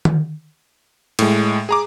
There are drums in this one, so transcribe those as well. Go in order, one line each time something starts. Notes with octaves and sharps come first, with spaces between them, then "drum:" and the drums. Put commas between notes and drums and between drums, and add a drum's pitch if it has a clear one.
drum: tom D#3
A2 G#3, drum: cymbal
G#4 A#5 D6